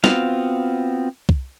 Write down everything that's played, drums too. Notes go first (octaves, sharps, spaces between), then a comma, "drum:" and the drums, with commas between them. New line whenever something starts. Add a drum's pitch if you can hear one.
B3 C4 F4 F#4 F5, drum: snare
drum: kick